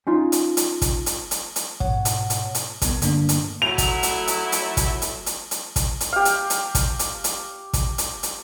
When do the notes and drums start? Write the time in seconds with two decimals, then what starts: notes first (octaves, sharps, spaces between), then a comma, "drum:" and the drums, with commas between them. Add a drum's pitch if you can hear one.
0.07 C#4 D#4 F4
0.32 drum: hi-hat
0.57 drum: hi-hat
0.82 drum: kick, hi-hat
1.06 drum: hi-hat
1.31 drum: hi-hat
1.56 drum: hi-hat
1.80 G#2 B2 C#5 F#5, drum: kick
2.05 drum: hi-hat
2.30 drum: hi-hat
2.55 drum: hi-hat
2.82 C2 B3, drum: kick, hi-hat
3.02 G2 D3 A#3 D4, drum: hi-hat
3.29 drum: hi-hat
3.62 F#3 A3 E4 F7
3.78 drum: kick, hi-hat
4.03 drum: hi-hat
4.28 drum: hi-hat
4.52 drum: hi-hat
4.77 drum: kick, hi-hat
5.02 drum: hi-hat
5.26 drum: hi-hat
5.51 drum: hi-hat
5.76 drum: kick, hi-hat
6.00 drum: hi-hat
6.12 G4 F5
6.25 drum: hi-hat
6.50 drum: hi-hat
6.75 drum: kick, hi-hat
6.99 drum: hi-hat
7.24 drum: hi-hat
7.73 drum: kick, hi-hat
7.98 drum: hi-hat
8.23 drum: hi-hat